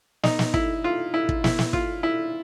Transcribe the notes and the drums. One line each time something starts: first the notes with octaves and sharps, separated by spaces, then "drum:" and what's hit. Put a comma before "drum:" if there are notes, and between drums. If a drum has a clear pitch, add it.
D#4, drum: snare
drum: snare
E4, drum: kick
F4
E4
drum: kick
E4, drum: snare
drum: snare
F4, drum: kick
E4